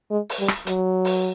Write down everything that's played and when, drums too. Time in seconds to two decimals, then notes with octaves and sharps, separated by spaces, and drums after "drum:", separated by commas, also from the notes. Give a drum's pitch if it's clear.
0.11 G#3
0.29 drum: open hi-hat
0.39 G3
0.48 drum: rim click
0.67 F#3, drum: hi-hat
1.05 drum: open hi-hat